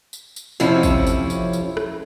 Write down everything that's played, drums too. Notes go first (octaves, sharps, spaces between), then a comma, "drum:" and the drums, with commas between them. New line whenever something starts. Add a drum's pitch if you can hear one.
drum: tambourine
drum: tambourine
F2 C3 F3 C#4 E4, drum: tambourine
drum: kick, tambourine
drum: tambourine
drum: tambourine
drum: tambourine
drum: rim click